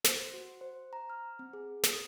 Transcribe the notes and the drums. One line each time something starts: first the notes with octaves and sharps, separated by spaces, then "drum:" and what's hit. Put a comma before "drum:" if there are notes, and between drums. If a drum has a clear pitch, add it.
C5, drum: snare
F#4
C5
A#5
F6
C4
G#4
drum: snare
D#6